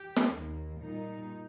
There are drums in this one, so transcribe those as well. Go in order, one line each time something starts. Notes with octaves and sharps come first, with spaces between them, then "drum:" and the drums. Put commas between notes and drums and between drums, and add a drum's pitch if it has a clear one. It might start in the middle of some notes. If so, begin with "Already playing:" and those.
Already playing: G4
drum: snare
D#2 D#3 A#3
A#2 G3 A#3 D#4